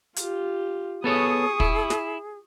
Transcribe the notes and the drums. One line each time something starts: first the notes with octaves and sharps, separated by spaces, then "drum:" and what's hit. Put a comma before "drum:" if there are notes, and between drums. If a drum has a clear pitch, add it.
F4 G4, drum: hi-hat
B3 G#4 A4 C#5 C#6 D#6
E4, drum: kick
drum: snare